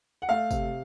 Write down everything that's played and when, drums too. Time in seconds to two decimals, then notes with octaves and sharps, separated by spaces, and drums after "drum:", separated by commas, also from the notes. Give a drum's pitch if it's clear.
0.22 F#5
0.29 A3 F5
0.51 C3, drum: kick, tambourine